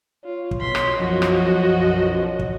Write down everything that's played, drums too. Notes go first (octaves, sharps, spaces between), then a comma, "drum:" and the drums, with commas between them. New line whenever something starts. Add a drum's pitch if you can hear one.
F4 C#5
drum: kick
B2 C6 B6
drum: rim click
B1 F#2 F3 F#4 D#5
drum: rim click
drum: kick